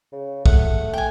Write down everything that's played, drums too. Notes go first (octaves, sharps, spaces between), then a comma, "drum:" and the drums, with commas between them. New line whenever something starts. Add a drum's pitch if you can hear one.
C#3
A3 F#5, drum: kick
G5 G#5